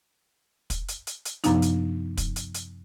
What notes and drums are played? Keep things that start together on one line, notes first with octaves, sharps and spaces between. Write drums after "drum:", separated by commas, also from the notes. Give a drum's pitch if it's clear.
drum: kick, hi-hat
drum: hi-hat
drum: hi-hat
drum: hi-hat
F#2 C3 F3 B3 D4 D#4, drum: hi-hat
drum: hi-hat
drum: kick, hi-hat
drum: hi-hat
drum: hi-hat